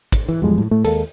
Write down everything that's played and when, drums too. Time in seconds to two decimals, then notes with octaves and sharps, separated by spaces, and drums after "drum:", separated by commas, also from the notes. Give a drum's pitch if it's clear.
0.12 drum: kick, hi-hat
0.29 E3
0.42 E2 A2 F3 G3 G#3
0.58 A2
0.71 A2 A3
0.85 D#2 G#3 A#3 A4, drum: hi-hat